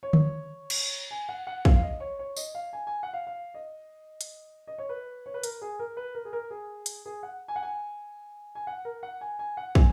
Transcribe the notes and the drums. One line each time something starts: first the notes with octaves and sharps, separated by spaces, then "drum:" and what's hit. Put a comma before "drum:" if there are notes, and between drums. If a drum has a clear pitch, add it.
C#5
drum: tom D3
drum: cymbal
G#5
F#5
F#5
F5, drum: kick
F5
D#5
C#5
C#5
D#5, drum: tambourine
F5
G#5
G#5
F#5
F5
F5
D#5
drum: hi-hat
D#5
C#5
B4
C#5
B4
A#4, drum: hi-hat
G#4
A#4
B4
A#4
G#4
A#4
G#4
drum: hi-hat
G#4
F#5
G#5
F#5
G#5
G#5
F#5
A#4
F#5
G#5
G#5
F#5
G#5, drum: kick